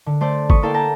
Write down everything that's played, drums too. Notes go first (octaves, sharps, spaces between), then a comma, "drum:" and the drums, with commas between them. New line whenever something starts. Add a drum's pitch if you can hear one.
D3
A3 C5 D5
B5 C#6 D#6, drum: kick
A#3 E4 A4 D5 F5 G5
G5 A5 A#5 A#6